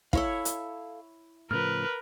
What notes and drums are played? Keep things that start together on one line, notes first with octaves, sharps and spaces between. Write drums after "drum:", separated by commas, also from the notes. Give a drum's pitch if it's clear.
E4 A4 C#5 E5 F5, drum: kick
drum: hi-hat
A2 C#3 F3 A#4 B4 F6